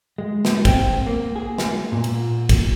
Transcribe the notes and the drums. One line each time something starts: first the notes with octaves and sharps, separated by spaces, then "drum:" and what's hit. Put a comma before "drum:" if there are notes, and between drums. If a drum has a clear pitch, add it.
G#3
drum: snare
C4, drum: kick, cymbal
A#3
G#4
drum: snare
A#2
drum: cymbal
drum: kick, cymbal